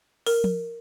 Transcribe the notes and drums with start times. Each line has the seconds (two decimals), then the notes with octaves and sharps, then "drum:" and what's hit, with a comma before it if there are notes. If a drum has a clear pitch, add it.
0.26 A#4, drum: open hi-hat
0.44 drum: tom F3